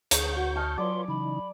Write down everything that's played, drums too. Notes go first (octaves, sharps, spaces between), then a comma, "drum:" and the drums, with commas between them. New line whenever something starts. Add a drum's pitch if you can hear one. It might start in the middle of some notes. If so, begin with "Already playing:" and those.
D2 G#4 C#6 G6, drum: hi-hat
F#4 F#5
D#5 G#5 A5 F6
F#3 F4 B4 C#5 D5 C6
C#3 E3 D#4 B5